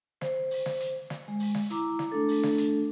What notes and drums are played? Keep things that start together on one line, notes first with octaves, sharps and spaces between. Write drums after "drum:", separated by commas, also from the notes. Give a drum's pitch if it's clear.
C5, drum: snare
drum: open hi-hat
drum: snare
drum: hi-hat
drum: snare
G#3
drum: open hi-hat
drum: snare
E4 A#5 D6, drum: hi-hat
drum: snare
A3 D4 A4
drum: open hi-hat
drum: snare
drum: hi-hat